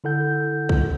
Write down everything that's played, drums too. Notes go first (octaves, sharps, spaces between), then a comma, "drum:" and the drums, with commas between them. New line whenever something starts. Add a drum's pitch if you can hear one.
D3 E4 A4 F#5 G6
drum: kick